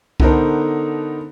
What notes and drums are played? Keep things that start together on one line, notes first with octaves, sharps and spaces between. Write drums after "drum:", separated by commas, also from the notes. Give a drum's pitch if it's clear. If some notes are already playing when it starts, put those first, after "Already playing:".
D3 B3 D#4 A4 A#4 C5, drum: kick C2